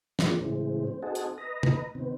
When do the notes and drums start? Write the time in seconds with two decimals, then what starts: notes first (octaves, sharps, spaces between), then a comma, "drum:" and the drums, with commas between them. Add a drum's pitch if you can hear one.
0.19 D3 F3 G#3 A#3 D4, drum: snare
0.41 A2 C#3 E3 G#3 C4
0.87 C4
1.03 C4 D#4 F#4 G#4 A4
1.15 drum: hi-hat
1.38 B4 D#5 A#5
1.63 drum: tom
1.95 C3 D#3 B3 C4